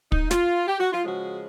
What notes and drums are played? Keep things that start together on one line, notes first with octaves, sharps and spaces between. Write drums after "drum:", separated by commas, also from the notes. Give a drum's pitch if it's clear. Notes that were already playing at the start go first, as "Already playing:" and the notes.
D#4, drum: kick
F4, drum: snare
G4
F#4
F4
C#3 F3 G#3 F#4